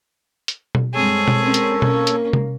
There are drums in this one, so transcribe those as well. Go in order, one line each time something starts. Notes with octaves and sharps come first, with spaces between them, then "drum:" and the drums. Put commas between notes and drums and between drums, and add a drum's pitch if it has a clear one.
drum: hi-hat
drum: tom B2
G2 G#3 C4 G#4 A4 C#5
drum: tom B2
G#3 C4 C#4 A#4
drum: hi-hat
A#3 C#4, drum: tom B2
drum: hi-hat
drum: tom C3